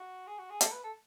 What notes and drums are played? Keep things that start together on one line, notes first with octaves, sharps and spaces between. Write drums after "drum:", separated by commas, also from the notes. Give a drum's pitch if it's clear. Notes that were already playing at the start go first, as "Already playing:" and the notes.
Already playing: F#4
G#4
F#4
G#4
A4, drum: hi-hat
B4
A4